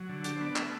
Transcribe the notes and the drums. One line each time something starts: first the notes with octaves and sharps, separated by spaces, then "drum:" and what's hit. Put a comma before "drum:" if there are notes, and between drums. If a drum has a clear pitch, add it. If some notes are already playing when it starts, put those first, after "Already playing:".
Already playing: F#3
D3
D4 G4, drum: hi-hat
C5
B3
D5
A3 E5, drum: clap